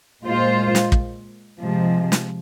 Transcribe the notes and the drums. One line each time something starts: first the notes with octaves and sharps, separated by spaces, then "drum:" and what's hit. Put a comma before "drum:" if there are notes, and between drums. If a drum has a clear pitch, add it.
A#2 G#3 F4 C5
drum: snare
drum: kick
C3 F3 G#3
drum: snare